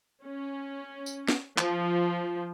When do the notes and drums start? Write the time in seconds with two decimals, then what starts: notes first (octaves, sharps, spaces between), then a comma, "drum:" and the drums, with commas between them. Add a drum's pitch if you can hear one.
0.23 C#4
1.06 drum: tambourine
1.28 drum: snare
1.58 F3, drum: clap